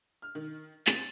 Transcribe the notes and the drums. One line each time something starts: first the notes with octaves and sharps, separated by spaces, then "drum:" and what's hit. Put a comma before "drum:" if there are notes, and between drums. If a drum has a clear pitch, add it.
F6
D#3
C4 A6, drum: clap